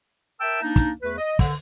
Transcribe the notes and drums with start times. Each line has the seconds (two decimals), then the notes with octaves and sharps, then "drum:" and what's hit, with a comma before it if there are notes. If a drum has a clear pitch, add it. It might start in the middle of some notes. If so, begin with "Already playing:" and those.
0.40 A#4 E5 G5 A5 E6
0.62 A#3 D4 D#4
0.76 drum: kick, hi-hat
1.02 E2 A3 B4
1.18 D#5
1.39 D3, drum: kick, open hi-hat